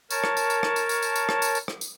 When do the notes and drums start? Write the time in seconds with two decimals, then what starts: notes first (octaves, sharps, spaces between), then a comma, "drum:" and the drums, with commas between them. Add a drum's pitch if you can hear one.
0.10 A#4 C#5 A5, drum: tambourine
0.24 drum: rim click
0.37 drum: tambourine
0.50 drum: tambourine
0.63 drum: rim click
0.76 drum: tambourine
0.89 drum: tambourine
1.02 drum: tambourine
1.16 drum: tambourine
1.29 drum: rim click
1.42 drum: tambourine
1.55 drum: tambourine
1.68 drum: rim click
1.81 drum: tambourine